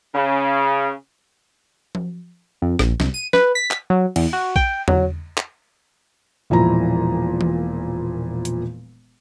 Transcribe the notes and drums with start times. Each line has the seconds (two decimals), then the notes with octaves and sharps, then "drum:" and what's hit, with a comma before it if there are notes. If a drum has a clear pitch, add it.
0.15 C#3
1.95 drum: tom F3
2.62 F2
2.79 A#1, drum: rim click
3.00 C2, drum: snare
3.14 D#7
3.33 B4, drum: snare
3.55 B6
3.71 drum: clap
3.90 F#3
4.16 E2, drum: cymbal
4.33 F#4
4.56 G5, drum: kick A#1
4.88 F#3, drum: tom E2
5.37 drum: clap
6.50 E1 A#2 F3 E4 A#5
7.41 drum: tom E3
8.45 drum: hi-hat